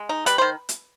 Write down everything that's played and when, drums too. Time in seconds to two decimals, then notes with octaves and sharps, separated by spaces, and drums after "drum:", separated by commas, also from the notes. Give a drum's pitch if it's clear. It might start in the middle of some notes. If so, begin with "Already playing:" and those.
Already playing: G#3
0.09 D#4
0.26 G3 B4, drum: hi-hat
0.38 D#3 C5
0.69 drum: hi-hat